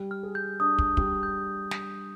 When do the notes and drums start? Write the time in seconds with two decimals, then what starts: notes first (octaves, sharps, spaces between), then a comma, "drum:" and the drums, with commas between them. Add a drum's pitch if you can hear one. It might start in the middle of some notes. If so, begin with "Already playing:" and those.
Already playing: G3
0.11 F6
0.23 G#4
0.35 G6
0.60 D4 D#6
0.79 drum: kick
0.97 G3, drum: kick
1.23 G6
1.71 drum: snare